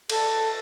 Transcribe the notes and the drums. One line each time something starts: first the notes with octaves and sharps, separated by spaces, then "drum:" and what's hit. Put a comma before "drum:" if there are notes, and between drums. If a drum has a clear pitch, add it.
A4, drum: cymbal